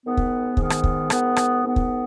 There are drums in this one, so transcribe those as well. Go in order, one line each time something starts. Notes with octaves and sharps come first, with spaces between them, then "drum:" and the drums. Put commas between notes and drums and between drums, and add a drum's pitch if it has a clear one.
G#2 D#3 B3
drum: kick
G#2 D#3 B3, drum: kick
drum: rim click
drum: kick
G#2 D#3 B3, drum: rim click
drum: rim click
G#2 D#3 B3
drum: kick